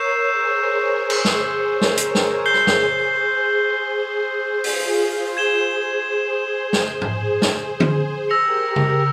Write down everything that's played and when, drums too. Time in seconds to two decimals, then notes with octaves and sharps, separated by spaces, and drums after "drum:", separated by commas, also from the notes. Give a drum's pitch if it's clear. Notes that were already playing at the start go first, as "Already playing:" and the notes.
Already playing: A#4 C#5 C#6 E6 G6 C7 E7
0.26 G#4 C5
0.99 G#4 C5
1.10 drum: cymbal
1.25 drum: snare
1.72 A#4 C#5
1.81 drum: snare
1.97 drum: hi-hat
2.15 drum: snare
2.45 G#4 C5 G6 C7 G7
2.54 drum: rim click
2.67 drum: snare
3.18 G#4 C5
4.64 F4 G#4, drum: open hi-hat
5.37 G#4 C5 G#6 E7 G7
6.73 drum: snare
6.84 G#4 C5
7.01 drum: tom G#2
7.42 drum: snare
7.80 drum: tom D3
8.29 G4 A#4 E6 A#6 C#7 F7
8.76 drum: tom C#3